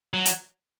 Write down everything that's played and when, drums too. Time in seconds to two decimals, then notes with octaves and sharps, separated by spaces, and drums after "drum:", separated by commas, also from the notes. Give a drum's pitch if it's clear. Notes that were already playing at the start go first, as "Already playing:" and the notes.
0.14 F#3
0.25 drum: hi-hat